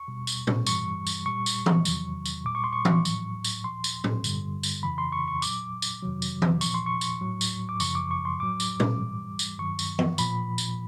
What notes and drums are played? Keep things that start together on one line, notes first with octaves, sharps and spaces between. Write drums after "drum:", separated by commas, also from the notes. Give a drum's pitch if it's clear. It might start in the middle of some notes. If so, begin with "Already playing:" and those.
Already playing: C#6
B2 G3
drum: tambourine
drum: tom A2
G2 E3 G3 C#6, drum: tambourine
drum: tambourine
A#2 G3 C#6
drum: tambourine
drum: tom E3
E2 C3 D#3 F#3, drum: tambourine
drum: tambourine
A#2 G3 D6
C#6
C6
C#6
drum: tom E3
A2 F#3, drum: tambourine
drum: tambourine
A#2 F3 C6
drum: tambourine
drum: tom A2
G2 D3 G3, drum: tambourine
drum: tambourine
F2 C#3 E3 B5
C6
C#6
C#6
A#2 F#3 D6, drum: tambourine
drum: tambourine
F2 C3 D#3 F#3
drum: tambourine
drum: tom E3
A#2 F3 C#6, drum: tambourine
C6
C#6
drum: tambourine
A2 F#3
drum: tambourine
D6
F#2 C#3 F3 C#6, drum: tambourine
D6
C#6
C6
A2 F#3 D6
drum: tambourine
drum: tom A2
G#2 E3 G3
drum: tambourine
G2 D#3 F#3 C#6
drum: tambourine
drum: tom E3
A#2 F3 B5, drum: tambourine
drum: tambourine